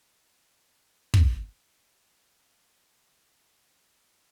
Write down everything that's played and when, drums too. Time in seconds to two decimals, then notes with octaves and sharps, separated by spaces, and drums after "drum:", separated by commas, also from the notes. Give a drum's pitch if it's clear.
0.24 A#4
1.14 drum: kick
2.28 F5
2.98 C#3